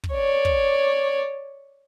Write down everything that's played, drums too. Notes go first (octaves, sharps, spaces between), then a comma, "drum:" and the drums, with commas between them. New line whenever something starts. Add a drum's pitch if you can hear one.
drum: kick
C#5 D5
drum: kick